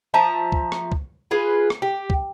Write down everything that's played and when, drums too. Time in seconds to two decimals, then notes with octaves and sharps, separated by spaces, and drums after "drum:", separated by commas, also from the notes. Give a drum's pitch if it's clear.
0.14 F3 E5 A5 A#5
0.52 drum: kick C#2
0.72 drum: rim click
0.92 drum: kick C#2
1.31 F4 G#4 B4
1.70 drum: rim click
1.82 G4
2.10 drum: kick C#2